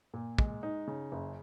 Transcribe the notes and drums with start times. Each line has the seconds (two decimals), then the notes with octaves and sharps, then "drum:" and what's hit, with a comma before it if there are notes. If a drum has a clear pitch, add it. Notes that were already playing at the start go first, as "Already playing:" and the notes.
0.14 A#2
0.38 G#3, drum: kick
0.63 D#4
0.87 C#3
1.12 F#1